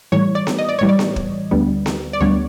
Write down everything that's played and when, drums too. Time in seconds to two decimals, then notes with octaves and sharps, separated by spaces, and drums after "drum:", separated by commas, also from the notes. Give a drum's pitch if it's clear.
0.12 A2 E3 G3 C#5
0.35 D5
0.47 drum: snare B3
0.58 D#5
0.69 D5
0.79 A2 E3 G3 C#5
0.89 D5
0.99 drum: snare B3
1.16 drum: kick
1.51 D2 D3 G3 B3
1.86 drum: snare B3
2.13 D5
2.20 D2 D3 G3 B3 C#5